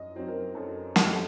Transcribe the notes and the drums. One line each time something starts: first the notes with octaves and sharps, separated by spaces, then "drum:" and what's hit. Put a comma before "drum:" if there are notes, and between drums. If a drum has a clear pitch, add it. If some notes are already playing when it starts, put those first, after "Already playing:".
Already playing: F#2 D#5
F#3 C4 D#4
A#4
F#2 A4
F#3 C4 D#4 G4, drum: snare
A4